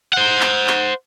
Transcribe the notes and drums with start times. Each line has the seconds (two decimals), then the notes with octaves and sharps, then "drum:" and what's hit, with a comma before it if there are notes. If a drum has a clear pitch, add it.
0.13 C5 F#5
0.40 drum: clap
0.67 drum: clap